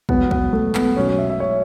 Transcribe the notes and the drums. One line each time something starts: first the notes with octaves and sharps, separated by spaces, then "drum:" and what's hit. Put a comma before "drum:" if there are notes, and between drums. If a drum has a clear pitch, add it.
E1 E2 B2 F#3 B3, drum: kick
B3, drum: kick
A3
B3, drum: clap
B1 B2 F#3 C#4
C#5
E5
E5
C#5